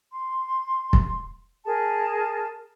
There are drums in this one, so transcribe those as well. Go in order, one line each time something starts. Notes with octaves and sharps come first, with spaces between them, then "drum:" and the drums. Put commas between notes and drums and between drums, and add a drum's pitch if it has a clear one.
C6
drum: kick
G#4 A#4 A5